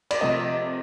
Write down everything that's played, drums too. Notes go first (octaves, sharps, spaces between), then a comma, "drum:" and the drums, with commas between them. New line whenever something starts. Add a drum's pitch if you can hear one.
D5, drum: cymbal
C3 F3 A3 D#5